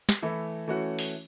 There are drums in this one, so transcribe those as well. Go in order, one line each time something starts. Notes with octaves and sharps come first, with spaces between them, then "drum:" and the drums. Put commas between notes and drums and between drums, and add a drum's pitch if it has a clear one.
drum: snare
E3 A3 E4
E3 A3 C#4 F#4
drum: open hi-hat